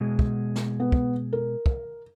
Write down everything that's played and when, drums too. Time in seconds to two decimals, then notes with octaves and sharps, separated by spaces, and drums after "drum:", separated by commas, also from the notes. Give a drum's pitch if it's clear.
0.01 B2 G#3 G#4
0.19 drum: kick
0.56 drum: snare
0.80 B3
0.92 drum: kick
1.33 A#4
1.66 drum: kick